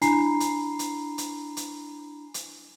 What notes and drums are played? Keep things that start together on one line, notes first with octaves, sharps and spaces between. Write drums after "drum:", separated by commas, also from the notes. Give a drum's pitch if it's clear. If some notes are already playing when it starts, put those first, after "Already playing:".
D4 E4 G#5 A#5 B5 C7, drum: hi-hat
drum: hi-hat
drum: hi-hat
drum: hi-hat
drum: hi-hat
drum: hi-hat